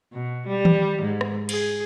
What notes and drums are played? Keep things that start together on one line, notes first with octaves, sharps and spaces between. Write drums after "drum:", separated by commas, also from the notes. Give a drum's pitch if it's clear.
B2
G3
drum: tom D#3
G#2
drum: rim click
G#4, drum: cymbal